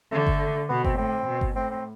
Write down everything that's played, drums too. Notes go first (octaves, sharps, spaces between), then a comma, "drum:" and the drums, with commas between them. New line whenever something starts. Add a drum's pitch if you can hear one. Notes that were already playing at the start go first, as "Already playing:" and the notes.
D3 A3
drum: kick G1
B2 B3
C4, drum: kick G1
A2 C4
B2
drum: kick G1
A2 C4
C4